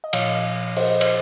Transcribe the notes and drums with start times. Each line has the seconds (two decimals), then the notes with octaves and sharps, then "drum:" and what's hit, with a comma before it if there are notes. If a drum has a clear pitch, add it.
0.04 D#5
0.13 A#2 F3 C#5 F5, drum: cymbal
0.77 C5 D#5, drum: open hi-hat
1.01 C5, drum: cymbal